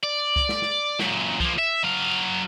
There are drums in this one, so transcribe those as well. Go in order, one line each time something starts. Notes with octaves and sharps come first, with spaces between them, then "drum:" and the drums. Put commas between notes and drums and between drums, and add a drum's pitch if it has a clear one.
D5
drum: kick C2
drum: snare
drum: snare
F#2 A#2, drum: snare
F3 A#3, drum: kick C2
E5
F#3 F5